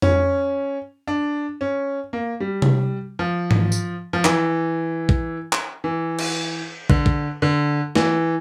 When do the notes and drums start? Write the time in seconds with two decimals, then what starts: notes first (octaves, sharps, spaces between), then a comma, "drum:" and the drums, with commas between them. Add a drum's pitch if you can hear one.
0.02 C#4, drum: tom F2
1.07 D4
1.61 C#4
2.13 A#3
2.40 G3
2.62 drum: tom C3
3.19 F3
3.51 drum: tom
3.72 drum: tambourine
4.13 F3
4.25 E3, drum: clap
5.09 drum: kick
5.53 drum: clap
5.84 E3
6.19 drum: cymbal
6.90 D3, drum: kick
7.06 drum: kick
7.42 D3
7.95 E3, drum: snare A3